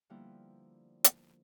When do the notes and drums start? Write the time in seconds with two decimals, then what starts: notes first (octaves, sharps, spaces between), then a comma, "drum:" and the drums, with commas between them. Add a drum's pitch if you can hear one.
0.10 D3 F3 G3 A#3 B3 E4
1.04 drum: hi-hat